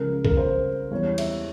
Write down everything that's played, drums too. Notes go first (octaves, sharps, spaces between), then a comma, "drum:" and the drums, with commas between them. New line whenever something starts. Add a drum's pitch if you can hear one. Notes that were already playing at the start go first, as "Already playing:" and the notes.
Already playing: C#2 C#3 F3 A#4
A#4, drum: kick
C5
E2 E3 G3 C#5
E5, drum: cymbal